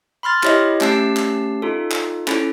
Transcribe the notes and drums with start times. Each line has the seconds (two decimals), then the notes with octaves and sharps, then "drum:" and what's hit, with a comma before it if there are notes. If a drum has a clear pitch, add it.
0.23 B5 C6 F6 A6
0.43 E4 G4 C#5 D#5 E5, drum: clap
0.81 A3 C#4 G4 A5 E6 C7, drum: clap
1.17 drum: clap
1.62 D#4 F4 A4
1.92 drum: clap
2.27 C#4 E4 A4, drum: clap